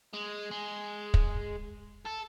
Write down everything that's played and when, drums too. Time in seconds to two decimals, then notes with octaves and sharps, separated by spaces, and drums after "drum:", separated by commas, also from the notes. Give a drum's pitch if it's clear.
0.13 G#3
0.51 G#3
1.14 drum: kick
2.05 A4